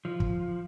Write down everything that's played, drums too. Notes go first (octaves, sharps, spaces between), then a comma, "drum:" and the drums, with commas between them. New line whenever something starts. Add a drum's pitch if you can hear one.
F3
drum: kick